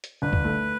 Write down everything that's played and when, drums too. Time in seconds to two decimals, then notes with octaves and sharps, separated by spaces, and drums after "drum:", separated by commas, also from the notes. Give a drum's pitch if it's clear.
0.04 drum: hi-hat
0.22 G1 B4
0.33 drum: kick C#2
0.44 A3